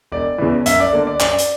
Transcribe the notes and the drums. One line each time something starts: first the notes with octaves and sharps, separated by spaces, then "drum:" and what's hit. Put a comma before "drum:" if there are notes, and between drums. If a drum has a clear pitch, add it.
E1 D5
E2 C#3 E3
F#2 E5, drum: hi-hat
D5
D3 A#3 D4
D5
F#2 D5, drum: clap
drum: hi-hat